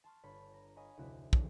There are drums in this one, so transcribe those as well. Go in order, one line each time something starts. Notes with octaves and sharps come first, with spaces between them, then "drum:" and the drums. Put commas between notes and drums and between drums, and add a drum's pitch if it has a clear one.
A5 C6 C#6 F6
G1 F4 C#5 B5
A#5
C#5 D#5 F5 G#5 B5 C#6
F1 D2 C3 E4 F#4
A#1 D#2 A2 E3 D4 A4, drum: kick